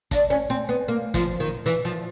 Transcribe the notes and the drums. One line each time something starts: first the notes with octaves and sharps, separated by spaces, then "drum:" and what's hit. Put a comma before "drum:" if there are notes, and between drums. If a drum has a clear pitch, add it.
D4, drum: kick, hi-hat
C#4
C4
B3
A#3
F3, drum: kick, hi-hat
D#3
E3, drum: hi-hat
F3